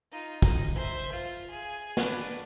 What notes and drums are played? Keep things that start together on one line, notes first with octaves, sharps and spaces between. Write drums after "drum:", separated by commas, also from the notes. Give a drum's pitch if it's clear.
D#4 F4
D#4, drum: kick
C5 E5
F4
G#4
D4 B4, drum: snare